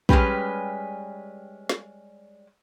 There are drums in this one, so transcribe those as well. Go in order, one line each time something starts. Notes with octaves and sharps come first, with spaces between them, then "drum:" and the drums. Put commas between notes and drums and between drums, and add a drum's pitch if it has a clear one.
G3 G#3 C#4 G4 B4, drum: kick
drum: snare